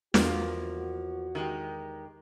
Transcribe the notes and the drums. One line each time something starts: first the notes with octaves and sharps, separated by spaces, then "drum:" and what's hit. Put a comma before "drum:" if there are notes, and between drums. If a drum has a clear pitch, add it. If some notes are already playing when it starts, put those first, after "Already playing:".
E2 F3 A#3 F#4, drum: snare
D#3 G#3 G4